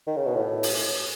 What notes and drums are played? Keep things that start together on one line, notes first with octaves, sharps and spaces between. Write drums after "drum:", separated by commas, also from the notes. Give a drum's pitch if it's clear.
D#3
C#3
B2
A2
drum: open hi-hat